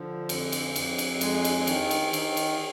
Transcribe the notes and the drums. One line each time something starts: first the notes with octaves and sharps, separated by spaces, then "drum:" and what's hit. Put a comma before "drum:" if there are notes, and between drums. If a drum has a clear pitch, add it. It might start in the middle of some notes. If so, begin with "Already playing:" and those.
Already playing: D3 F3
F2, drum: cymbal
drum: cymbal
F2, drum: cymbal
drum: cymbal
G#3, drum: cymbal
drum: cymbal
D#3, drum: cymbal
drum: cymbal
D#3, drum: cymbal
drum: cymbal